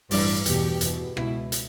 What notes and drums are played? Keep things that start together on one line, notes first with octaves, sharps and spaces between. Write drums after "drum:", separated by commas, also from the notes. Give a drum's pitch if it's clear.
A1 G2 E3 D5, drum: open hi-hat
E2 B2 G4, drum: hi-hat
E2 B2, drum: hi-hat
C#2 B2 E4, drum: rim click
drum: hi-hat